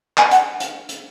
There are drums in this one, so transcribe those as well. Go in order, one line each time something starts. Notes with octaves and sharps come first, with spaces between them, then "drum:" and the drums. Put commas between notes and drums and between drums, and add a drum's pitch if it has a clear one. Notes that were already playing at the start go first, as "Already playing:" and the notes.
G#5, drum: clap
F#5, drum: hi-hat
drum: hi-hat
drum: hi-hat